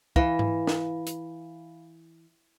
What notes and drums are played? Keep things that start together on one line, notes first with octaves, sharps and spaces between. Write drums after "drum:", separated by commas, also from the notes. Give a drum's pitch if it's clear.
E3 F5 B5, drum: kick
drum: tom G#2
drum: snare
drum: hi-hat